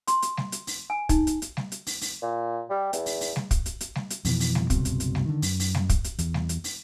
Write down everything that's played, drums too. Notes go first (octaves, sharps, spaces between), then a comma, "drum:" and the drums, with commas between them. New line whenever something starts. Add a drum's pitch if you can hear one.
C6, drum: hi-hat
drum: hi-hat
drum: snare G3
drum: hi-hat
drum: open hi-hat
G#5
D#4, drum: kick, hi-hat
drum: hi-hat
drum: hi-hat
drum: snare G3
drum: hi-hat
drum: open hi-hat
drum: open hi-hat
A#2
G3
E2, drum: hi-hat
drum: open hi-hat
drum: open hi-hat
drum: snare G3
drum: kick, hi-hat
drum: hi-hat
drum: hi-hat
drum: snare G3
drum: hi-hat
F2 B2 E3, drum: open hi-hat
drum: open hi-hat
drum: snare G3
F#1 C2 B2 C4, drum: kick, hi-hat
drum: hi-hat
drum: hi-hat
drum: snare G3
D3 D#3
F#2, drum: open hi-hat
drum: open hi-hat
drum: snare G3
drum: kick, hi-hat
drum: hi-hat
E2, drum: hi-hat
drum: snare G3
drum: hi-hat
drum: open hi-hat